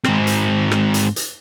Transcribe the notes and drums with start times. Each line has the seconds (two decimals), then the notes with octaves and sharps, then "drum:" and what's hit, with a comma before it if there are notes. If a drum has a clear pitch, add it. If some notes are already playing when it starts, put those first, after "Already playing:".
0.04 G#2 C4, drum: rim click
0.27 drum: hi-hat
0.71 drum: rim click
0.94 drum: hi-hat
1.16 drum: hi-hat